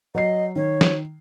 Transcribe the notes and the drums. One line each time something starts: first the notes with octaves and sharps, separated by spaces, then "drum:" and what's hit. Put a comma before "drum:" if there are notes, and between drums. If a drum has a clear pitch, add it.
F#3 D#5 C7
D#3 C#5
drum: snare